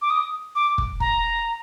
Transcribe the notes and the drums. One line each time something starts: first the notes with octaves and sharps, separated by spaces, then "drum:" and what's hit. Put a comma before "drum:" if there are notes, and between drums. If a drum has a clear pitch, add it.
D6
D#6
D6
drum: kick
A#5, drum: kick